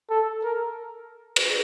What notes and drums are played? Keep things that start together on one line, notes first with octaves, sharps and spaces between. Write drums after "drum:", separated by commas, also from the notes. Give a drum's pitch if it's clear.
A4
A#4
drum: cymbal